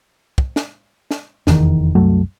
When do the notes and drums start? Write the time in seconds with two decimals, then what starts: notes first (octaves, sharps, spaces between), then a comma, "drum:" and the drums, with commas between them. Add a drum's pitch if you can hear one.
0.38 drum: kick
0.56 drum: snare
1.11 drum: snare
1.47 F1 E2 G#2 D#3, drum: snare
1.95 C2 F#2 F#3 A3